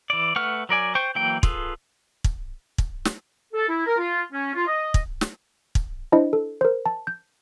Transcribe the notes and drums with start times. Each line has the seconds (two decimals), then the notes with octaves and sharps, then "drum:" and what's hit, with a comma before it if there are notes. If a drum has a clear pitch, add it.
0.10 E3 D5
0.36 A3 B4 F#5 C#6 F6
0.69 F#3 A#4 D5 G#5
0.95 C5 G5 C#6
1.15 E3 F#3 A#3 G5
1.43 F4 G#4 A4 B4, drum: kick
2.24 drum: kick
2.78 drum: kick
3.05 drum: snare
3.54 A4
3.68 E4
3.86 A#4
3.98 F4
4.32 C#4
4.54 F4
4.67 D#5
4.94 drum: kick
5.21 drum: snare
5.75 drum: kick
6.12 D4 E4 C5 D#5
6.33 A4
6.61 A#4 C5
6.86 A5
7.07 G6